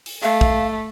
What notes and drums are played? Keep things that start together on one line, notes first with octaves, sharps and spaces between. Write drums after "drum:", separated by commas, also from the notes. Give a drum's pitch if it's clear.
drum: open hi-hat
A3 F5
drum: kick